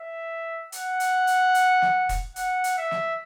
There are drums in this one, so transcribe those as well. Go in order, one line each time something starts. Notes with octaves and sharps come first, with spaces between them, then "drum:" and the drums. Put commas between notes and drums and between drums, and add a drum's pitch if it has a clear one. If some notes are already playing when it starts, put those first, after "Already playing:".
Already playing: E5
F#5, drum: hi-hat
drum: hi-hat
drum: hi-hat
drum: hi-hat
drum: snare
drum: kick, hi-hat
F#5, drum: hi-hat
drum: hi-hat
E5
drum: snare